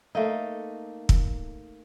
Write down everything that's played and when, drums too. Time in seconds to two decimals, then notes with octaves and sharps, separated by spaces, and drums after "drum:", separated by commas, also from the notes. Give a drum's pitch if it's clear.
0.15 A3 A#3 D#4
1.09 drum: kick